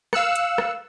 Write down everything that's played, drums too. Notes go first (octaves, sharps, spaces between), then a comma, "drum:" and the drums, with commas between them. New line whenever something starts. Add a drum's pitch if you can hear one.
F5 E6 F#6 C#7, drum: rim click
drum: hi-hat
drum: rim click